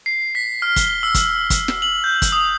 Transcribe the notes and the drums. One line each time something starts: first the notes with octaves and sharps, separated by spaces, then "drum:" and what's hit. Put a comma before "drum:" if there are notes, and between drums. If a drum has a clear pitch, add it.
C7
B6
F6
G7, drum: kick, hi-hat
E6
drum: kick, hi-hat
drum: kick, hi-hat
drum: snare
F#7
G6
drum: kick, hi-hat
D#6